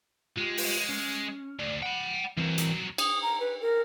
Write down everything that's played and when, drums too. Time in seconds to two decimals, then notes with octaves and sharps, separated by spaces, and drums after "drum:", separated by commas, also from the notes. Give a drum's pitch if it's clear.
0.37 G#3 F4 G4
0.58 drum: open hi-hat
0.89 C#4
1.59 D2 D5
1.82 F#5 G5 B5
2.37 C2 E3 F#3 C4 A#4
2.58 drum: hi-hat
2.98 D#6, drum: cymbal
3.22 A#5
3.40 B4
3.61 A#4